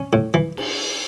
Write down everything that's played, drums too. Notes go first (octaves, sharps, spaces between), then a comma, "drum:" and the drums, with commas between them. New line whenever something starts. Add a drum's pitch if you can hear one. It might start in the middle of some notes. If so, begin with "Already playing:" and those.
Already playing: C#4
A2
E3
drum: cymbal